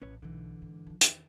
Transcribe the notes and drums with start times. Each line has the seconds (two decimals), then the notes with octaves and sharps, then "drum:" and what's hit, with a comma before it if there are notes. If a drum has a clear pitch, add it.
0.02 A1 C#4 B4 C#5
0.22 B1 G#2 D3 E3
0.62 G#2
0.87 D#3 F3
1.01 E2 D#3, drum: hi-hat